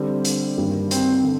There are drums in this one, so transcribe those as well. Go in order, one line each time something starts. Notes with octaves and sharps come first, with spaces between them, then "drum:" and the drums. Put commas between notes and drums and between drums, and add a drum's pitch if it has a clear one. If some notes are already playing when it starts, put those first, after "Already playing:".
Already playing: D3 G3 C4
drum: hi-hat
G2 D#3 G3 A#3
C4, drum: hi-hat
D3